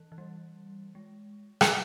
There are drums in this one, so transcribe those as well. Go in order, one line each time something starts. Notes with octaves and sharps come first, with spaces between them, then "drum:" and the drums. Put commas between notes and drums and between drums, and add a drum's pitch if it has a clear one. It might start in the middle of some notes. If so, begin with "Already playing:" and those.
Already playing: E3
E3
G3
G#3
drum: rim click